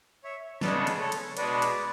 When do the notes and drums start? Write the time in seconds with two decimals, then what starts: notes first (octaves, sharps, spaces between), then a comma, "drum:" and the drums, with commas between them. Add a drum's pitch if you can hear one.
0.24 C#5 E5
0.61 C#3 G#3 B3 D4 A4 B4 D5, drum: snare
0.87 drum: cymbal
1.00 A4 C#5
1.12 drum: cymbal
1.37 B2 G#3 D4 F#4 B4 D5, drum: cymbal
1.62 drum: cymbal